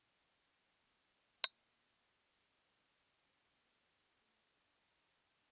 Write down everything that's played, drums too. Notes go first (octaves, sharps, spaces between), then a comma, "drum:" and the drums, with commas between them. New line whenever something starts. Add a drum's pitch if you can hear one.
C#4
C4
A#3, drum: hi-hat
B3
C#4
C4
A#3
A3
D4
D#4